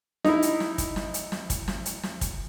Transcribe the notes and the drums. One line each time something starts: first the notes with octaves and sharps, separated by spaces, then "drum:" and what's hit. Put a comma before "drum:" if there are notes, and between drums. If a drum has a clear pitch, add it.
D#4 E4, drum: snare
drum: hi-hat
drum: snare
drum: kick, hi-hat
drum: snare
drum: hi-hat
drum: snare
drum: kick, hi-hat
drum: snare
drum: hi-hat
drum: snare
drum: kick, hi-hat